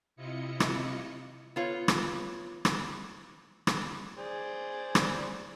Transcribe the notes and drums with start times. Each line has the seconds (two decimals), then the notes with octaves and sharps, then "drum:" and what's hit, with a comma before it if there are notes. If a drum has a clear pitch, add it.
0.16 C3 E4 F4 D#5 C#7
0.60 drum: rim click
1.56 B3 F4 C#5
1.88 drum: rim click
2.65 drum: rim click
3.67 drum: rim click
4.18 G#4 C5 D5
4.95 drum: rim click